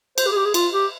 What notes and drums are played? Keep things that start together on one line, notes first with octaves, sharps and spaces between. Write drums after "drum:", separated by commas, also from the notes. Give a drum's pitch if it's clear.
C5, drum: cymbal
G4
G#4
G4
G#4
F4, drum: cymbal
G4